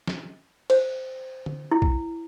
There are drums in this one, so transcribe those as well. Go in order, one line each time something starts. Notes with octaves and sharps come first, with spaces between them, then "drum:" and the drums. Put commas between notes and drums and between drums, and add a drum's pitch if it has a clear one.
drum: snare
C5, drum: cymbal
drum: tom D3
E4
drum: kick B1